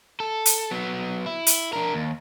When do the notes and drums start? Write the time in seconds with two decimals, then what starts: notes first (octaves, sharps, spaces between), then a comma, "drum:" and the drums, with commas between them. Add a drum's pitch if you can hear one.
0.20 A4
0.46 drum: hi-hat
0.71 F#3 B3
1.26 E4
1.47 drum: hi-hat
1.73 D4 A#4
1.93 D#2